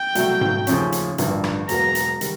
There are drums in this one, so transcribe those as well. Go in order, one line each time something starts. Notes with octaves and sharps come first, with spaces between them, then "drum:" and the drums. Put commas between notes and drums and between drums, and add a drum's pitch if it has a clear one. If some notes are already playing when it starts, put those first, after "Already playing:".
Already playing: G5
C2 B2 F#3 A3, drum: hi-hat
drum: tom G#2
D#2 C#3 F3 A3 C#4, drum: hi-hat
drum: hi-hat
A1 G2 D3 F3 A#3, drum: hi-hat
drum: rim click
E1 E2 B2 F#3 A#3 A#5, drum: hi-hat
drum: hi-hat
D#3 G3, drum: hi-hat